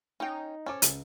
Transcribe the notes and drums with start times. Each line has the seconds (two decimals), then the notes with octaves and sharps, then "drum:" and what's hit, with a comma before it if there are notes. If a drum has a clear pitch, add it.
0.20 C#4 D#4 G5
0.66 C#4 A4 C5 D6
0.82 C#2, drum: hi-hat